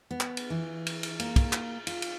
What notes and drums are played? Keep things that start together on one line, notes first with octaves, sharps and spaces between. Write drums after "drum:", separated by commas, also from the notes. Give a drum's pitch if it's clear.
B3
drum: clap
drum: cymbal
E3
drum: cymbal
drum: cymbal
A#3, drum: cymbal
drum: kick, cymbal
drum: clap
F4, drum: cymbal
drum: cymbal